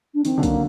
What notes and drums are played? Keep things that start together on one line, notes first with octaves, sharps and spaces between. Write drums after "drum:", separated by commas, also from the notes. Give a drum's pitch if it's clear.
D4
D#3 C4, drum: hi-hat
D3 F#3
A#3, drum: kick B1, hi-hat
D#3